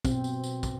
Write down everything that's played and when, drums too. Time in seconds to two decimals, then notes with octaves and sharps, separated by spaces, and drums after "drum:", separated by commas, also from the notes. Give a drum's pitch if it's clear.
0.05 B2 C4, drum: kick, tambourine
0.24 drum: tambourine
0.44 drum: tambourine
0.63 drum: kick, tambourine